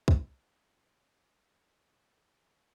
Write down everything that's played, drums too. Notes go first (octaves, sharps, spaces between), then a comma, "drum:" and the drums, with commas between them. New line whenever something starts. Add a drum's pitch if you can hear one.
A#4, drum: kick
F5
F3